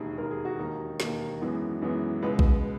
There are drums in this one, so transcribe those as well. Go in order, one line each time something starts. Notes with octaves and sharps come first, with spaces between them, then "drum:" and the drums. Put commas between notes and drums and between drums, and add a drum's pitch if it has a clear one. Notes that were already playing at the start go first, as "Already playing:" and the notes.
Already playing: E1 D#2 D#3 A#3 G#4
E1 D#2 D#3 A#3 A#4
G#4
F#4
E1 D#2 D#3 A#3 D#4
E1 D#2 D#3 A#3, drum: snare
F#2 E3 G#3 B3
F#2 E3 G#3 B3
C#2 B2 G#3 B3 B4
drum: kick A#1